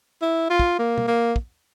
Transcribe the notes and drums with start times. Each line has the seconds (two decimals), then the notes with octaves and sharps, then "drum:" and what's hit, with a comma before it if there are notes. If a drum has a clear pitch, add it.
0.22 E4
0.50 F4
0.59 drum: kick
0.79 A#3
0.98 drum: tom B2
1.07 A#3
1.36 drum: kick